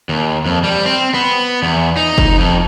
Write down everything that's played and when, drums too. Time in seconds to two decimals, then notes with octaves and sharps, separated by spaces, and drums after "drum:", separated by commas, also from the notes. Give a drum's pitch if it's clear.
0.09 D#2
0.46 F2
0.64 G3
0.86 C4
1.14 B3
1.63 E2
1.96 D#4
2.18 drum: kick
2.38 F2